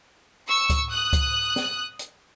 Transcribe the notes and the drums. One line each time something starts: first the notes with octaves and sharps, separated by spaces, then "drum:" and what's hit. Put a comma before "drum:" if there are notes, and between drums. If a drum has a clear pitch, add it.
C#6 E6
drum: kick C#2, hi-hat
D#6 F#6
drum: kick C#2, hi-hat
drum: snare
drum: hi-hat